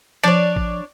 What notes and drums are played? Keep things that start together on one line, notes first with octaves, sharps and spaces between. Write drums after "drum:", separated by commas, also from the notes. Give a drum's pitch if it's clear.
F3 D4 C#5 D5
drum: kick